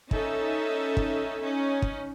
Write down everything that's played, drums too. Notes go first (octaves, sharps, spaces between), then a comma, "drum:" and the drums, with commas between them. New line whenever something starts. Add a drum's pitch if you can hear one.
C#4 D#4 A4 E5, drum: kick
drum: kick
C#4 D#4
drum: kick